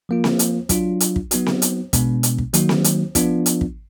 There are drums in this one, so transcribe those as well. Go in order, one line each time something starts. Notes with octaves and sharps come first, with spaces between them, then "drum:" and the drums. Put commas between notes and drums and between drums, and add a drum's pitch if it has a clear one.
F3 A#3 F4
drum: snare C4
drum: hi-hat
F#3 D4 F4, drum: kick, hi-hat
drum: hi-hat
drum: kick
F#3 B3 D#4 F#4, drum: hi-hat
drum: snare C4
drum: hi-hat
B2 G#3 B3 D4, drum: kick, hi-hat
drum: hi-hat
drum: kick
D#3 F#3 A#3 D#4 F#4, drum: hi-hat
drum: snare C4
drum: hi-hat
F3 B3 D4 F4, drum: kick, hi-hat
drum: hi-hat
drum: kick